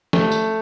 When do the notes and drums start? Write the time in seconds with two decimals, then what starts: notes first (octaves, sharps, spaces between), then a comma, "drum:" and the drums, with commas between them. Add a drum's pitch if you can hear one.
0.13 A3, drum: snare
0.32 drum: tambourine